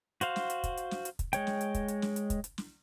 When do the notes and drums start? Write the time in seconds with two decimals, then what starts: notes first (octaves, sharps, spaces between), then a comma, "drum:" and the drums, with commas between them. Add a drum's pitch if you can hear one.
0.21 F#4 C5 F5, drum: hi-hat
0.36 drum: snare
0.50 drum: hi-hat
0.64 drum: kick, hi-hat
0.77 drum: hi-hat
0.91 drum: snare
1.05 drum: hi-hat
1.19 drum: kick, hi-hat
1.33 G#3 C#5 G5, drum: hi-hat
1.47 drum: snare
1.61 drum: hi-hat
1.75 drum: kick, hi-hat
1.88 drum: hi-hat
2.02 drum: snare
2.16 drum: hi-hat
2.30 drum: kick, hi-hat
2.44 drum: hi-hat
2.58 drum: snare